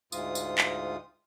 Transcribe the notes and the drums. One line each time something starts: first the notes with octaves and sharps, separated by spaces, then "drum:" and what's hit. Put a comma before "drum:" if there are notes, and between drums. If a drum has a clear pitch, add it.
D2 G#2 F4 D#6, drum: tambourine
drum: tambourine
drum: clap